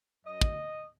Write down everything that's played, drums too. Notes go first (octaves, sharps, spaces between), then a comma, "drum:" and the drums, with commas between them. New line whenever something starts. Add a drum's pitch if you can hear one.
F#2 F#3 D#5
drum: kick